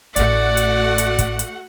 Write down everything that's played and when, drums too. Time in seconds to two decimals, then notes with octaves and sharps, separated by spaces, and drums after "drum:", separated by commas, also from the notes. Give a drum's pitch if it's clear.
0.16 A1 A2 A3 F#4 D5 F#5, drum: hi-hat
0.57 drum: hi-hat
0.98 drum: hi-hat
1.19 drum: kick, hi-hat
1.39 drum: hi-hat